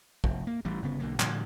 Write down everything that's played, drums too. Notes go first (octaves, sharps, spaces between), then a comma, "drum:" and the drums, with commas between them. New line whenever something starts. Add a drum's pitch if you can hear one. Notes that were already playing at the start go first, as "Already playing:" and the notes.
F1, drum: kick
A#3
A1 E3 G3
G1 C#3 B3
B1 D3 A#3
A2 D3 F3 G3, drum: clap